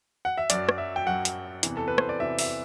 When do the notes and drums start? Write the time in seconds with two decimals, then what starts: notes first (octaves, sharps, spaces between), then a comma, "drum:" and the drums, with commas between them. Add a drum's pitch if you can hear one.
0.25 F#5
0.38 E5
0.50 F#2 F#3 D5, drum: hi-hat
0.69 drum: rim click
0.78 E5
0.96 G5
1.06 F#2 F#3 F#5
1.25 drum: hi-hat
1.63 E2 C3 E3, drum: hi-hat
1.77 A4
1.88 B4
1.98 C5, drum: rim click
2.09 D5
2.20 E2 C3 E3 E5
2.39 E5, drum: open hi-hat